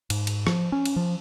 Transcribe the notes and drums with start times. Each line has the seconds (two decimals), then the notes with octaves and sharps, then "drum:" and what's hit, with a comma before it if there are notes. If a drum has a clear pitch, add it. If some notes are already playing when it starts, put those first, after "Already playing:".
0.10 G#2, drum: cymbal
0.27 drum: cymbal
0.47 F3, drum: rim click
0.72 C#4
0.85 drum: cymbal
0.96 F3